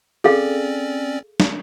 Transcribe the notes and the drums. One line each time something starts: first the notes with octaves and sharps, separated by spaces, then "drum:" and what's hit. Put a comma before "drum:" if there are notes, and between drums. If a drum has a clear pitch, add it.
C4 C#4 G#4 A4 D5 F5
drum: snare